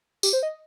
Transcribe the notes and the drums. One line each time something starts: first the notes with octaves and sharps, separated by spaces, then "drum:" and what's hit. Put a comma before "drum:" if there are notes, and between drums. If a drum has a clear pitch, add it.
G4, drum: tambourine
C5
D#5